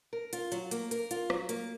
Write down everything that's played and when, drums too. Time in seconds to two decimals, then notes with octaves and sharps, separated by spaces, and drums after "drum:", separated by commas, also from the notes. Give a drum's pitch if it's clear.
0.13 A#4
0.33 F4, drum: hi-hat
0.52 F#3, drum: hi-hat
0.71 A#3, drum: hi-hat
0.91 A#4, drum: hi-hat
1.11 F4, drum: hi-hat
1.30 F#3, drum: rim click
1.49 A#3, drum: hi-hat